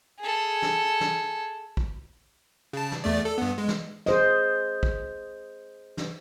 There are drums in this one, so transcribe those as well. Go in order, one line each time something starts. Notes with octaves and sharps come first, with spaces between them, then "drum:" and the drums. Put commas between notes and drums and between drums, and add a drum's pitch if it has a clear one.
G#4 A4
drum: snare
drum: snare
drum: kick
C#3 A5
drum: snare
E2 A3 D5
A4
G2 B3
G#3
drum: snare
G#4 C5 D#5, drum: snare
drum: kick
drum: snare